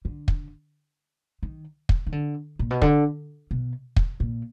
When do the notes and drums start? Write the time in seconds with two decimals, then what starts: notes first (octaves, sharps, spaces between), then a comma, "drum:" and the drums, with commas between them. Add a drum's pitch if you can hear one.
0.05 D3
0.28 drum: kick
1.43 D#3
1.89 drum: kick
2.06 D#3
2.12 D3
2.59 A#2
2.70 B2
2.82 D3, drum: kick
3.51 B2
3.96 drum: kick
4.20 A#2